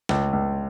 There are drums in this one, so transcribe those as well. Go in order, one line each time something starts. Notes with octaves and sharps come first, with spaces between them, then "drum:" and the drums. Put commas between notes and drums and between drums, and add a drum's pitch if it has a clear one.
C#2, drum: snare
C#2